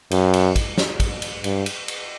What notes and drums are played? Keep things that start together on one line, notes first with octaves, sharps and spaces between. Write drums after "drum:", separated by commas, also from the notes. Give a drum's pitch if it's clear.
F#2, drum: cymbal
drum: cymbal
drum: kick, cymbal
drum: snare
drum: kick, cymbal
drum: cymbal
G2, drum: cymbal
drum: cymbal
drum: cymbal